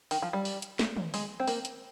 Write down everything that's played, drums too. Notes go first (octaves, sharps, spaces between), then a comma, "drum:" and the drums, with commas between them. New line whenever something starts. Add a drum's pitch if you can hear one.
D#3, drum: open hi-hat
F3
G3
drum: open hi-hat
drum: hi-hat
drum: snare
drum: tom
G#3, drum: open hi-hat
C4
A#3, drum: open hi-hat
drum: hi-hat